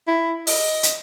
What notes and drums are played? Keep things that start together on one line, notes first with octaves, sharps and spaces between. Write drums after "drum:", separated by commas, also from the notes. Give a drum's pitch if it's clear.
E4
D#5, drum: open hi-hat
drum: hi-hat